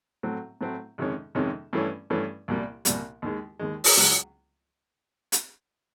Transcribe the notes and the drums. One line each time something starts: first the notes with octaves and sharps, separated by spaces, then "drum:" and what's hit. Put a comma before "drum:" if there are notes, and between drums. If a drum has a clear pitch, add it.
A2 F#3 A3 C4
A2 F#3 A3 C4
F2 C3 D#3 G#3 C#4
F2 C3 D#3 G#3 C#4
G2 E3 A3 C#4
G2 E3 A3 C#4
C2 A#2 G3
C2 A#2 G3, drum: hi-hat
D#2 D#3 G#3
D#2 D#3 G#3
drum: open hi-hat
C#2 C#3 F#3
drum: hi-hat